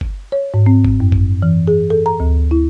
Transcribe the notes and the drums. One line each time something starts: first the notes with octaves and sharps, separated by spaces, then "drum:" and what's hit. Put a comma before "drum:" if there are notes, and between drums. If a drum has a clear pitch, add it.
drum: kick
C#5
G#2
C4
drum: kick
F#2
drum: kick
E3
G#4
A4
A#5
D2
E4